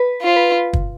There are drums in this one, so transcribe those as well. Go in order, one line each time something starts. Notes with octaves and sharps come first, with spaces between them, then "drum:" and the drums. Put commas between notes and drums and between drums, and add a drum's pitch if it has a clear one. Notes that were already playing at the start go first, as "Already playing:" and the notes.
Already playing: B4
F4
C5
B4
drum: kick